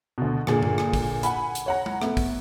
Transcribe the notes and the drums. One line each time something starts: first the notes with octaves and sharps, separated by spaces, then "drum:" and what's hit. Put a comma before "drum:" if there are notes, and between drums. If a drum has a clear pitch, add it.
D2 B2
G1 A#2 G#4, drum: rim click
drum: tom G2
drum: rim click
drum: kick, open hi-hat
F#5 G#5 B5, drum: hi-hat
drum: hi-hat
C#5 F#5 A#5
drum: tom G#3
A3 B3, drum: rim click
drum: kick, open hi-hat